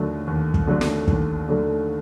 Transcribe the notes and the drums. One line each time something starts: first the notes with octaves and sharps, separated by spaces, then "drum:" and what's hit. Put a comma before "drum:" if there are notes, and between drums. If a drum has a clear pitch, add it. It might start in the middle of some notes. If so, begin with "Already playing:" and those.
Already playing: D#2 D3 F#3 A3
D#2
drum: kick
D3 F#3 A3
drum: snare
D#2, drum: kick
D3 F#3 A3